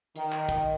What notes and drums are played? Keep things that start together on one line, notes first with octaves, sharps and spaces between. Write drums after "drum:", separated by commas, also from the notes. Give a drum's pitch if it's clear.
D#3, drum: hi-hat
drum: clap
drum: kick, hi-hat